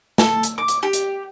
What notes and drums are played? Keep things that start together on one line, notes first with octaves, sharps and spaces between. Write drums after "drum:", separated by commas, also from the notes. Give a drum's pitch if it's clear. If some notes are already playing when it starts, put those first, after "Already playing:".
A4, drum: snare
drum: hi-hat
D6
drum: hi-hat
G4
drum: hi-hat